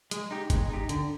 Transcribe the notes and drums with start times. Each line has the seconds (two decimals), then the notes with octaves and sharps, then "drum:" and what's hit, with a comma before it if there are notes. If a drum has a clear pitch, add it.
0.11 G#3, drum: hi-hat
0.31 D#4 G4
0.50 G#3, drum: kick, hi-hat
0.70 D#4 G4
0.89 D3, drum: hi-hat